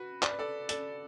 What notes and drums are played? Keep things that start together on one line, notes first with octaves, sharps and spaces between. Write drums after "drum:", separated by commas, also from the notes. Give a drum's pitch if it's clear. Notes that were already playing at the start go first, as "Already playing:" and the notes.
Already playing: F#4 B4
D5, drum: clap
B4
A4 D5
A4 D5, drum: hi-hat